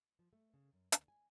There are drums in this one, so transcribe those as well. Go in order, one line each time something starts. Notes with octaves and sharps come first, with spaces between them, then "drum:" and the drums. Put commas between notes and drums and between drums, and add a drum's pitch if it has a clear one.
F3
A3
C#3
F#2
D2, drum: hi-hat
G#5